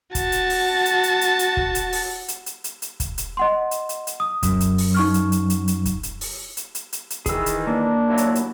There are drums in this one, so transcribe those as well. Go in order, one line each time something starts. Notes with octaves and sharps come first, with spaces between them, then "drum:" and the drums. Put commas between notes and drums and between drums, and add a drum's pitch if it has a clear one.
F#4 A5, drum: kick, hi-hat
drum: hi-hat
drum: open hi-hat
drum: hi-hat
drum: hi-hat
drum: hi-hat
drum: hi-hat
drum: kick
drum: hi-hat
drum: open hi-hat
drum: hi-hat
drum: hi-hat
drum: hi-hat
drum: hi-hat
drum: kick, hi-hat
drum: hi-hat
D#5 F#5 C6
drum: hi-hat
drum: hi-hat
drum: hi-hat
D#6
F#2, drum: kick, hi-hat
drum: hi-hat
drum: open hi-hat
D#4 C#6 F6
drum: hi-hat
drum: hi-hat
drum: hi-hat
drum: hi-hat
drum: kick, hi-hat
drum: hi-hat
drum: open hi-hat
drum: hi-hat
drum: hi-hat
drum: hi-hat
drum: hi-hat
D#3 E3 G#4 E6, drum: kick, hi-hat
drum: hi-hat
A#3 D4
D#2 F#3 E4
drum: hi-hat
drum: hi-hat